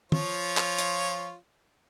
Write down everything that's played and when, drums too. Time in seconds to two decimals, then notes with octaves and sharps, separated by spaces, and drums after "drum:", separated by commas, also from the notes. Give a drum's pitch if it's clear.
0.12 F3 F4 C#5, drum: tom
0.57 drum: clap
0.78 drum: hi-hat